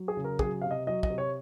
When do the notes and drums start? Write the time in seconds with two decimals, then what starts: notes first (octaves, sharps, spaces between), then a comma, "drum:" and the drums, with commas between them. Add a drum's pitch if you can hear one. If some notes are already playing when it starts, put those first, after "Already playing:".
Already playing: F#3
0.08 G#4
0.17 C#3
0.24 A#4
0.39 F#3 G#4, drum: kick
0.61 C3 F5
0.71 D#5
0.86 F#3 D#5
1.03 D#5, drum: kick
1.10 C3
1.18 C#5